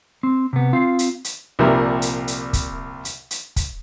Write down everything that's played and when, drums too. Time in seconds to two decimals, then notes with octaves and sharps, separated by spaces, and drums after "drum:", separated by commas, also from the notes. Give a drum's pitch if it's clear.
0.23 C4
0.53 C3 B3
0.73 C4 F4 F5
0.99 drum: hi-hat
1.24 drum: hi-hat
1.59 C2 A#2 F3 G3 A#4 E5
2.02 drum: hi-hat
2.28 drum: hi-hat
2.53 drum: kick, hi-hat
3.05 drum: hi-hat
3.31 drum: hi-hat
3.56 drum: kick, hi-hat